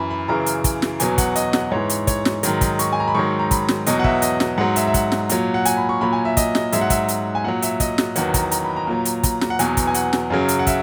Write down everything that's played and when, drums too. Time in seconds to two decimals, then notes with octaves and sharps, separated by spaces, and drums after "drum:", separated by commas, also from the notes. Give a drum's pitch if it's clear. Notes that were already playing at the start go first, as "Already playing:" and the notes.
Already playing: F#2 E3 B5
0.10 B5
0.28 F#2 C#3 E3 A#5
0.46 drum: hi-hat
0.64 drum: kick, hi-hat
0.82 drum: snare
1.00 E2 B2 F#3 G#5, drum: hi-hat
1.18 F#5, drum: kick, hi-hat
1.36 D#5, drum: hi-hat
1.53 F#5, drum: snare
1.72 G#2 E3 C#5
1.90 drum: hi-hat
2.07 C#5, drum: kick, hi-hat
2.25 drum: snare
2.43 G#2 D#3 F#3, drum: hi-hat
2.61 drum: kick, hi-hat
2.79 C#6, drum: hi-hat
2.93 G#5
3.00 A#5
3.07 B5
3.15 G#2 D#3 F#3 C#6
3.39 A#5
3.51 B5, drum: kick, hi-hat
3.68 drum: snare
3.87 E2 B2 F#3 D#5, drum: hi-hat
3.99 F#5
4.04 E5, drum: kick
4.22 D#5, drum: hi-hat
4.40 drum: snare
4.58 G#2 F#3 F#5
4.76 E5, drum: hi-hat
4.87 E5
4.94 F#5, drum: kick, hi-hat
5.12 drum: snare
5.29 A#2 F#3, drum: hi-hat
5.54 F#5
5.65 G#5, drum: hi-hat
5.77 B5
5.89 C#6
6.01 A#2 F#3 B5
6.13 G#5
6.25 E5
6.37 D#5, drum: kick, hi-hat
6.55 D#5, drum: snare
6.72 G#2 F#3 E5, drum: hi-hat
6.81 F#5
6.90 E5, drum: kick, hi-hat
7.08 drum: hi-hat
7.35 G#5
7.44 A#2 F#3 F#5
7.62 E5, drum: hi-hat
7.80 D#5, drum: kick, hi-hat
7.98 drum: snare
8.16 E2 D#3 F#3 F#5, drum: hi-hat
8.34 A#5, drum: kick, hi-hat
8.52 A#5, drum: hi-hat
8.64 B5
8.77 A#5
8.87 A#2 F#3
9.05 drum: hi-hat
9.23 A#5, drum: kick, hi-hat
9.41 A#5, drum: snare
9.50 F#5
9.59 E2 B2 F#3 G#5, drum: hi-hat
9.77 drum: kick, hi-hat
9.87 G#5
9.94 F#5, drum: hi-hat
10.13 drum: snare
10.30 F#2 C#3 F#3
10.49 drum: hi-hat
10.59 F#5
10.67 E5, drum: kick, hi-hat